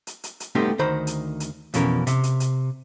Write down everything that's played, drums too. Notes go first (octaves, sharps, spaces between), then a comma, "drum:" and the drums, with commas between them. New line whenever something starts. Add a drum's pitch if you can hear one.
drum: hi-hat
drum: hi-hat
drum: hi-hat
G3 A3 B3 C4 D#4 G4
D2 D#3 C5 A#5 B5
drum: hi-hat
drum: hi-hat
F2 B2 E3 C#4 A#4, drum: hi-hat
C3, drum: hi-hat
drum: hi-hat
drum: hi-hat